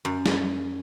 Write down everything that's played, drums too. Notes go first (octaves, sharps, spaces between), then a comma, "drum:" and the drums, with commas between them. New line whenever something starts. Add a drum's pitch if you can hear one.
F#2
drum: snare